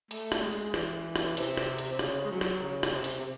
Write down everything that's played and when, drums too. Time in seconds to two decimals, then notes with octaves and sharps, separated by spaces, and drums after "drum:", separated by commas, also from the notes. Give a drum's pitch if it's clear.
0.11 A3, drum: hi-hat
0.32 drum: rim click
0.42 G#3
0.53 drum: hi-hat
0.74 E3, drum: rim click
1.16 drum: rim click
1.37 C3, drum: hi-hat
1.57 drum: rim click
1.78 drum: hi-hat
1.92 C3
1.99 C#3, drum: rim click
2.24 G#3
2.31 F#3
2.41 drum: rim click
2.62 C#3
2.83 drum: rim click
2.94 C3
3.04 drum: hi-hat
3.19 C3